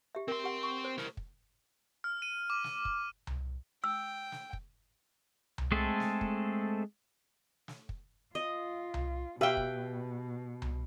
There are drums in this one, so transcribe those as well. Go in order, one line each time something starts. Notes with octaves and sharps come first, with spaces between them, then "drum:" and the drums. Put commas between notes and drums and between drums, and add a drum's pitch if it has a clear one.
G4 E5
C4 A#4 C6
G4 F#5
C#6
C5
E4 A#4, drum: snare
drum: kick
F6
D#7
D6
drum: snare
drum: kick
drum: tom C2
G5 E6
drum: snare
drum: kick
drum: tom C2
G#3 A3 C4 G#4 A4
drum: snare
drum: kick
drum: snare
drum: kick
F4 D#5
drum: tom C2
B2 G4 B4 E5 F5 G5
drum: kick
drum: tom C2